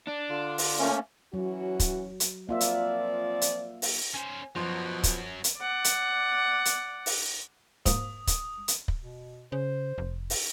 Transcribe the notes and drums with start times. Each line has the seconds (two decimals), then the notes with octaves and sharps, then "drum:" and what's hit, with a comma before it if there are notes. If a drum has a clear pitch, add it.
0.08 D4
0.30 D3 F4
0.58 drum: open hi-hat
0.78 A3 A#3 C#4
1.34 E3 F#3 C#4 F#4
1.80 drum: kick, hi-hat
2.20 drum: hi-hat
2.49 F3 A#3 C4 F4 D5 E5
2.61 drum: hi-hat
3.41 drum: hi-hat
3.82 drum: open hi-hat
4.14 C#4 C5 G#5
4.55 F#2 B2 F3 F#3 C6
5.03 drum: kick, hi-hat
5.44 drum: hi-hat
5.58 D5 F#5
5.84 drum: hi-hat
6.65 drum: hi-hat
7.06 drum: open hi-hat
7.86 G#2 F3 A#3 D#6, drum: kick, hi-hat
8.27 drum: kick, hi-hat
8.68 drum: hi-hat
8.88 drum: kick
9.02 B2
9.52 C#3 C5
9.98 F1
10.30 drum: open hi-hat